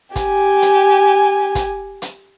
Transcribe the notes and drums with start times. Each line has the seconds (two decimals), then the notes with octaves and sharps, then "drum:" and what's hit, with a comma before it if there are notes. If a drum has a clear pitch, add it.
0.16 G4 G#5, drum: kick, hi-hat
0.62 drum: hi-hat
1.55 drum: kick, hi-hat
2.02 drum: hi-hat